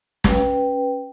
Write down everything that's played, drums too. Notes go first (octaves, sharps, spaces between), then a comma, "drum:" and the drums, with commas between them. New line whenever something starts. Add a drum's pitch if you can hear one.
C#4 B4 G5, drum: snare